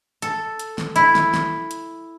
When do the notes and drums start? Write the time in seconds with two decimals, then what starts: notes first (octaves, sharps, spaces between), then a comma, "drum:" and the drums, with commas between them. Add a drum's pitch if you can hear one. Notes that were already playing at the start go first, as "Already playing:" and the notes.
0.22 A4, drum: hi-hat
0.59 drum: hi-hat
0.78 drum: snare
0.96 E4, drum: hi-hat
1.15 drum: snare
1.34 drum: snare
1.71 drum: hi-hat